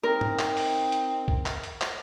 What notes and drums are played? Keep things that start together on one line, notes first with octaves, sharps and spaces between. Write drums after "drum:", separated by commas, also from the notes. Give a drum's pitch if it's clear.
C4 D#4 A#4
drum: tom
drum: clap
drum: open hi-hat
drum: hi-hat
drum: kick
drum: clap
drum: hi-hat
drum: clap